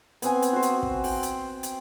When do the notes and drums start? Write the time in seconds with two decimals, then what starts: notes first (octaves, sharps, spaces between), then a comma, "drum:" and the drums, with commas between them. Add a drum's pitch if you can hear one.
0.22 B3 C4 G#5, drum: hi-hat
0.42 drum: hi-hat
0.53 F#4 C5
0.62 drum: hi-hat
0.83 drum: kick
1.04 G5, drum: open hi-hat
1.23 drum: hi-hat
1.63 drum: hi-hat